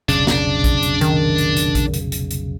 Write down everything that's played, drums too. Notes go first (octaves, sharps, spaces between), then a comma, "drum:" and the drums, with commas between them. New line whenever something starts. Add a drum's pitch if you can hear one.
F1 B1 C#3 D4 D5, drum: hi-hat
drum: snare
drum: kick A#1, hi-hat
drum: hi-hat
D#3, drum: hi-hat
drum: hi-hat
drum: hi-hat
drum: kick A#1, hi-hat
drum: hi-hat
drum: hi-hat
drum: hi-hat